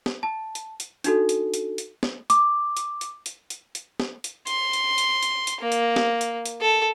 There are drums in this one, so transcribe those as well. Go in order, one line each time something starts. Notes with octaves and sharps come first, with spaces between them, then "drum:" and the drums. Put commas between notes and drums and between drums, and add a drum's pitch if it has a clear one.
drum: snare
A5
drum: hi-hat
drum: hi-hat
D4 D#4 F#4 A4, drum: hi-hat
drum: hi-hat
drum: hi-hat
drum: hi-hat
drum: snare
D6, drum: hi-hat
drum: hi-hat
drum: hi-hat
drum: hi-hat
drum: hi-hat
drum: hi-hat
drum: snare
drum: hi-hat
C6, drum: hi-hat
drum: hi-hat
drum: hi-hat
drum: hi-hat
drum: hi-hat
A#3
drum: hi-hat
drum: snare
drum: hi-hat
drum: hi-hat
A4